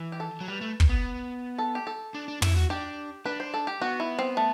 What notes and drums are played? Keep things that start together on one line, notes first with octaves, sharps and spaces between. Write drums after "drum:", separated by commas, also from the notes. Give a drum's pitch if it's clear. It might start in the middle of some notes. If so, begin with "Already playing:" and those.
Already playing: E3
G4
A4
F#3
G3 B4
A3
drum: kick
B3
A4
G4
A4
D4
D4
E4, drum: tom
F#4
D4 G4
D4 B4
C5
A4
G4
B3 F#4
E4
C4
A3